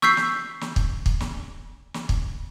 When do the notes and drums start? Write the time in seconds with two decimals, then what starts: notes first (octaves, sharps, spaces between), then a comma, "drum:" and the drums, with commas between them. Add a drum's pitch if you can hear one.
0.02 C#6 E6 G6 B6 C7, drum: snare
0.17 drum: snare
0.61 drum: snare
0.76 drum: kick
1.06 drum: kick
1.20 drum: snare
1.94 drum: snare
2.09 drum: kick